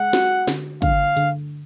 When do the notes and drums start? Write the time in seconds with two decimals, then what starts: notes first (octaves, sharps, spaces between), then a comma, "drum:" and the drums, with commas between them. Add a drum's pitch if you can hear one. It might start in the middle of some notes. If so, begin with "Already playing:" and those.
Already playing: G#3 F#5
0.13 F#4, drum: snare
0.47 D3, drum: snare
0.82 D3 F5, drum: kick, hi-hat
1.17 D3, drum: hi-hat